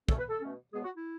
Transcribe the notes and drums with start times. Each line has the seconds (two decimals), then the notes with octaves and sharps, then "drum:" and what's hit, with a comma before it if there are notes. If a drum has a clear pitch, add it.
0.09 B2 A3 C#4 A4, drum: kick
0.19 B4
0.29 A4
0.41 B2 A3 C#4
0.73 C#2 B2 G#3 B3 G#4
0.84 F#4
0.95 E4